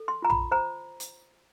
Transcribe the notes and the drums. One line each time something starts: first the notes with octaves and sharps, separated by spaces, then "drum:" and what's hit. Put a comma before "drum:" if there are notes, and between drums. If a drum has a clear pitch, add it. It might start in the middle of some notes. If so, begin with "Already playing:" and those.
Already playing: A4
C6
F4 A#5
B5, drum: tom A#1
C5 A#5
drum: hi-hat